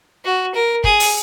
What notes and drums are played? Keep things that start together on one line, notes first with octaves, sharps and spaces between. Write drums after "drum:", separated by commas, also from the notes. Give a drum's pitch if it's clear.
F#4
A#4
G#4, drum: kick
drum: open hi-hat